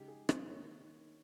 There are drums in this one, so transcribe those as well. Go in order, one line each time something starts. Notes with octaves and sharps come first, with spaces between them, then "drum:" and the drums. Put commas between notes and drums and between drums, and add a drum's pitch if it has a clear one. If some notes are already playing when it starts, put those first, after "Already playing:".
Already playing: C#3 G#3 D#4 G4
G#4
C5, drum: rim click
D#3 A#3 C#5